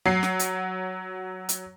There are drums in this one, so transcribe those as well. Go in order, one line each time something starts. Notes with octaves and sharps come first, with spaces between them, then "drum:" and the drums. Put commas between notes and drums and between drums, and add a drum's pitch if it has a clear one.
F#3 C7
drum: snare
drum: hi-hat
drum: hi-hat